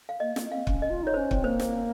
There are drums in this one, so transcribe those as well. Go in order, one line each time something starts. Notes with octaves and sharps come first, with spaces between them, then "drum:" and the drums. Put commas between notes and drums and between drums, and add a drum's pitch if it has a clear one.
F5
A#3 D#5
A#3, drum: snare
C4 F5
C#4, drum: kick
D#5
F4
D#4 C#5
C#4 C5
C4, drum: kick
A#3 C5
drum: snare